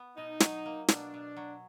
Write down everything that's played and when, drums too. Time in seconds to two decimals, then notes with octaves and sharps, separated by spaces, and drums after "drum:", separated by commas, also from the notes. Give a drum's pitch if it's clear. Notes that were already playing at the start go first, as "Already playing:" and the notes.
Already playing: B3
0.17 B2 D#4
0.40 F#3, drum: snare
0.66 A#3
0.88 B2 D4, drum: snare
1.14 B2
1.37 F#3